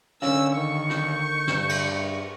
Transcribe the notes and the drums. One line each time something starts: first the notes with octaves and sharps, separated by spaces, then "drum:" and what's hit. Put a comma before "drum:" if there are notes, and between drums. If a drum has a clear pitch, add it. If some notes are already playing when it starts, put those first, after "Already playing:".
D3 C#4 F5 E6, drum: rim click
D#3 C#6
G6, drum: rim click
G2, drum: snare
drum: cymbal